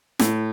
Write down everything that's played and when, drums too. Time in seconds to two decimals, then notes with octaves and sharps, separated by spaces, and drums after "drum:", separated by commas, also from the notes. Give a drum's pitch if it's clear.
0.19 A2, drum: snare